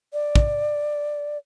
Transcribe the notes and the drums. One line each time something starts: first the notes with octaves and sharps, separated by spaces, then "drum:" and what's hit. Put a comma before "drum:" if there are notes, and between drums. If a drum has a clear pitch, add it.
D5
drum: kick